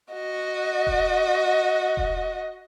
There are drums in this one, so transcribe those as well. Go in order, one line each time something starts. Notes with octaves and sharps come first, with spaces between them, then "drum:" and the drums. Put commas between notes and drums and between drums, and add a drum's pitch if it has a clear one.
F#4 D#5
drum: kick E1
drum: kick E1